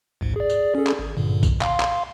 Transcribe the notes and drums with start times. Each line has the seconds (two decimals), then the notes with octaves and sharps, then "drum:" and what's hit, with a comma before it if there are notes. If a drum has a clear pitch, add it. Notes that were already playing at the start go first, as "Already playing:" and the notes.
0.21 A1 D2 G#2
0.36 G#4 D5
0.50 drum: tambourine
0.75 C#4 G#4 A4
0.87 drum: clap
0.99 G#1
1.17 G2 A#2 D3
1.43 drum: kick, tambourine
1.61 F5 C6, drum: clap
1.80 drum: clap